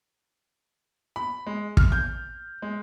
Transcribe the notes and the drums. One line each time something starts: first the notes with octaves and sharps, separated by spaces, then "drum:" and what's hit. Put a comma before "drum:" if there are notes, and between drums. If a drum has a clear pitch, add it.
B5
G#3
F6, drum: kick
G6
G#3